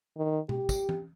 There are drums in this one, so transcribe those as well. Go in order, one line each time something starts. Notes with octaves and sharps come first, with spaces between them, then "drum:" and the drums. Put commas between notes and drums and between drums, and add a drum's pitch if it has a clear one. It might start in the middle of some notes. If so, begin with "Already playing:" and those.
D#3
G4, drum: tom B2
drum: kick, tambourine
drum: tom E3